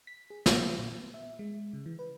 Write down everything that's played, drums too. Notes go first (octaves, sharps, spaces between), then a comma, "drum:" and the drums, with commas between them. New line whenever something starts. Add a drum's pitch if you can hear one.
B6
G#4
A#2, drum: snare
F#3
A#2
B3
E5
G#3
C#3
E3
B4